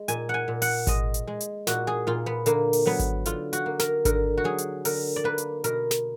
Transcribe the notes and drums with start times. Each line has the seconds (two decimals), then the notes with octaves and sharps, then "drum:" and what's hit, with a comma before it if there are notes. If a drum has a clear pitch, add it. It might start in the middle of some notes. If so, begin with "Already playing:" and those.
Already playing: G#3
0.08 A#2 G#5, drum: hi-hat
0.29 F#5 G#5
0.48 A#2
0.62 F#5, drum: open hi-hat
0.87 G#3 D#5, drum: kick G#1, hi-hat
1.14 drum: hi-hat
1.27 G#3
1.41 drum: hi-hat
1.67 A#2 F#4, drum: snare
1.87 G#4
2.07 A#2 F4
2.26 B3
2.46 D3 A#3, drum: hi-hat
2.73 drum: open hi-hat
2.86 F#3 B3
2.99 drum: kick G#1, hi-hat
3.26 D3 F4, drum: hi-hat
3.53 F#4, drum: hi-hat
3.66 A#3
3.79 A#4, drum: snare
4.05 D3 A#4, drum: kick G#1, hi-hat
4.37 F#4
4.44 F#3 G#4
4.58 drum: hi-hat
4.85 D3 A#4, drum: open hi-hat
5.16 D5
5.24 A#3 B4
5.38 drum: hi-hat
5.64 B2 A#4, drum: hi-hat
5.91 drum: snare